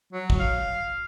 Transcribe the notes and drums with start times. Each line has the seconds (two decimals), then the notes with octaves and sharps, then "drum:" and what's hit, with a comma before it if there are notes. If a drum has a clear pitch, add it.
0.13 F#3
0.30 drum: kick
0.39 F5